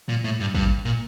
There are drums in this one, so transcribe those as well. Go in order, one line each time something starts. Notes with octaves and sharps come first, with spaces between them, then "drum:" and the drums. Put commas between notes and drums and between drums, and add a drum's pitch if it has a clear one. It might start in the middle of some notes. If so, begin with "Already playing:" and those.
A#2
A2
G2
G2, drum: kick
A#2